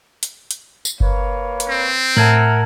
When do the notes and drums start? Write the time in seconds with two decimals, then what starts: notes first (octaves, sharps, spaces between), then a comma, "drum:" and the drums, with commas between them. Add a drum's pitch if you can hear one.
0.23 drum: hi-hat
0.51 drum: hi-hat
0.85 drum: tambourine
1.00 A#3 B4 C#5, drum: kick F#1
1.60 drum: hi-hat
1.69 C4
2.17 A2 A#4 E5 F#5 A5 G#6 F#7